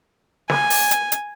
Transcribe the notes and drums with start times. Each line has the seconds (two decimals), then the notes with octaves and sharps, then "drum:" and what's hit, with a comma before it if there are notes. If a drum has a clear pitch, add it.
0.50 G#5, drum: snare
0.70 drum: open hi-hat
0.91 drum: hi-hat
1.12 drum: hi-hat